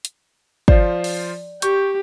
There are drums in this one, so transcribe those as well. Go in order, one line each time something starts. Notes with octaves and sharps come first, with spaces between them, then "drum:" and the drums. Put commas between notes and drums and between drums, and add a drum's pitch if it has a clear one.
drum: hi-hat
F3 F4 C5 D5, drum: kick
drum: open hi-hat
G4 C#6 G6, drum: hi-hat